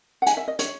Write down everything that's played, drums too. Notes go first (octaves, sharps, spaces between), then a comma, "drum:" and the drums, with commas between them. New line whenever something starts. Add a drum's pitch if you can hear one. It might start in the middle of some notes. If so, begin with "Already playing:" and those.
F#5
G#5, drum: hi-hat
E5
D#5
C#5, drum: hi-hat